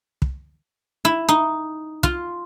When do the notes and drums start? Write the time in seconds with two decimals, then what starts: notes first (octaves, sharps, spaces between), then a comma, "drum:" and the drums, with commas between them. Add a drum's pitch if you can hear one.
0.22 drum: kick
1.05 E4
1.29 D#4
2.03 F4, drum: kick